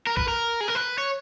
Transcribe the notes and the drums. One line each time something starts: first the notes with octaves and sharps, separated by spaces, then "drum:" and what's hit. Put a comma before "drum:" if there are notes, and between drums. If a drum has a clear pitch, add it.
A#4
B4, drum: kick A#1
A#4
G#4
A#4
B4
C#5